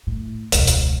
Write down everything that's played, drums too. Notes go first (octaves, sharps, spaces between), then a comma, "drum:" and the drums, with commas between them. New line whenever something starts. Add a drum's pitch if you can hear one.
A2
E1 C#2, drum: hi-hat
drum: hi-hat